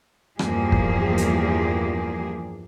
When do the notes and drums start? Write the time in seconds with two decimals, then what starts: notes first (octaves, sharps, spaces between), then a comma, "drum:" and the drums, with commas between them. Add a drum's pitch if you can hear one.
0.39 E2 G2 F3 A#3 G4 G#4, drum: rim click
0.72 drum: kick
1.18 drum: hi-hat